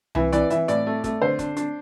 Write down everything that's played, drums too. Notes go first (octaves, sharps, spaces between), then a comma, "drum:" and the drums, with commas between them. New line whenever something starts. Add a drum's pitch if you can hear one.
E3 E5, drum: tom C2
E3 D5, drum: hi-hat
E3 E5, drum: hi-hat
A2 D5, drum: hi-hat
A3
A3, drum: kick, hi-hat
D3 C5
D4, drum: kick, hi-hat
D4, drum: hi-hat